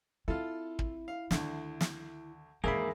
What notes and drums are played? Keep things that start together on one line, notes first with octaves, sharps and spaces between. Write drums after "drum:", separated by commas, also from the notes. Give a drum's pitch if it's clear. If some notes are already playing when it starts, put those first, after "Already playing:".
C4 E4 F4 A4
drum: kick
F5
D2 D3 D#3, drum: snare
drum: snare
D#2 G#2 E3 A#3 E4 G#4 E5 B5